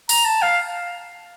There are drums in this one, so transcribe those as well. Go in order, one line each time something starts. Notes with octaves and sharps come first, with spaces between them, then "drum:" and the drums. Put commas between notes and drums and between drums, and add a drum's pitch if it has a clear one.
A#5, drum: open hi-hat
A5
F5